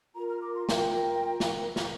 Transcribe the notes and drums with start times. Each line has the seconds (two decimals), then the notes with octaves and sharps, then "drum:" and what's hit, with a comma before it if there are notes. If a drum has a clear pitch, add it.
0.15 F4 A#4 A#5
0.28 F6
0.41 D6
0.55 C6
0.69 G5, drum: snare
1.40 drum: snare
1.76 drum: snare